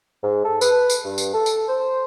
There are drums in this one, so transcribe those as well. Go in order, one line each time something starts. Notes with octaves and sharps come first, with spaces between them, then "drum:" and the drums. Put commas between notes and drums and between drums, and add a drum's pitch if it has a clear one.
G#2
A4
B4, drum: tambourine
drum: tambourine
G2
drum: tambourine
A4
drum: tambourine
C5